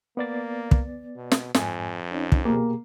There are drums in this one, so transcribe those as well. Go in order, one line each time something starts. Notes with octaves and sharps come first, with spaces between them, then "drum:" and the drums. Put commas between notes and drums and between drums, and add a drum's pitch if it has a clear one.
A#3 B3 D5 A6
drum: kick
B2
drum: snare
F2 G#2 G#5, drum: snare
C#4 D#4
drum: kick
B2 A#3 G4 G#4